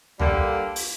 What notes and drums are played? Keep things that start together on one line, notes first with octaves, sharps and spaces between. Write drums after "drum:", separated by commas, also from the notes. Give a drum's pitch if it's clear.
D3 G3 A#3, drum: tom
drum: open hi-hat